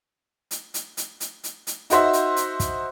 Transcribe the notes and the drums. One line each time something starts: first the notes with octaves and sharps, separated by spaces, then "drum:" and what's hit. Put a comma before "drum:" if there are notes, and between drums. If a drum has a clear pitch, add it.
drum: hi-hat
drum: hi-hat
drum: hi-hat
drum: hi-hat
drum: hi-hat
drum: hi-hat
D#4 F#4 C5 E5, drum: hi-hat
drum: hi-hat
drum: hi-hat
drum: kick, hi-hat